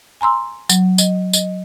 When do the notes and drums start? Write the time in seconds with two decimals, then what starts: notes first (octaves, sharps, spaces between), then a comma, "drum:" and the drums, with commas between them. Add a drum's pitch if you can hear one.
0.21 G#5 A#5 C6 E6
0.69 F#3, drum: tambourine
0.98 D#5, drum: tambourine
1.33 D#5, drum: tambourine